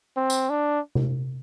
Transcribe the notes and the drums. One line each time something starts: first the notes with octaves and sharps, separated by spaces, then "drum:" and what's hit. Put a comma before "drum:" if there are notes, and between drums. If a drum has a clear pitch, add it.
C4
drum: tambourine
D4
drum: tom C3